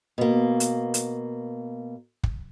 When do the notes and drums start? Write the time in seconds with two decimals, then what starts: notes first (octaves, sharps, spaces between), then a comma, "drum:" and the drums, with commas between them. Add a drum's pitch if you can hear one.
0.18 B2 A#3
0.60 drum: hi-hat
0.94 drum: hi-hat
2.23 drum: kick